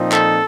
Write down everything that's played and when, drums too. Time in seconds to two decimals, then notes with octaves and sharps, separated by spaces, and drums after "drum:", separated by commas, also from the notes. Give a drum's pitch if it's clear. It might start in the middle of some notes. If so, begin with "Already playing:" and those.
Already playing: A#2 F3 C4 D#4
0.12 A4, drum: clap